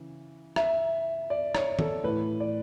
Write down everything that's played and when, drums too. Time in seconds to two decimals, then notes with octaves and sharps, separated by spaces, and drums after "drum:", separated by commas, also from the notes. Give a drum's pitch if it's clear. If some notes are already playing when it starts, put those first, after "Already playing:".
Already playing: C#3 E3
0.56 E5, drum: rim click
1.30 D5
1.55 C#5, drum: rim click
1.79 A4, drum: tom D#3
2.04 A2 E3 B4
2.40 D5